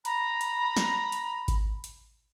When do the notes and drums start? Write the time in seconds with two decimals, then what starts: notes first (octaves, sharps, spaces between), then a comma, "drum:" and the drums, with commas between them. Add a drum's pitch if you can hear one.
0.05 A#5 B5, drum: hi-hat
0.41 drum: hi-hat
0.77 drum: snare
1.12 drum: hi-hat
1.48 drum: kick G#1, hi-hat
1.84 drum: hi-hat